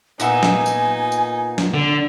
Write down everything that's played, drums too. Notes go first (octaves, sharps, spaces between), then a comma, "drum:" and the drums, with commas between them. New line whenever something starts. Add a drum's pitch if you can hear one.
A#2 B3 D#4 E5 G#5, drum: tambourine
drum: snare
drum: tambourine
drum: tambourine
drum: snare
D3